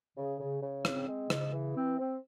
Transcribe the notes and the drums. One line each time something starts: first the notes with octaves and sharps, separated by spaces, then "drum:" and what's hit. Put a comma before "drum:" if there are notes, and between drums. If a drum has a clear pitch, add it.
C#3
C#3
C#3
C4, drum: rim click
G#3
C#3, drum: rim click
E3
C4
C4